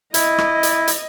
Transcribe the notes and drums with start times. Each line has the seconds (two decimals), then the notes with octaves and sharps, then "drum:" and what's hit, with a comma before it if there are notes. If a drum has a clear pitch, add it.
0.14 E4 D#5, drum: hi-hat
0.38 drum: rim click
0.63 drum: hi-hat
0.88 drum: hi-hat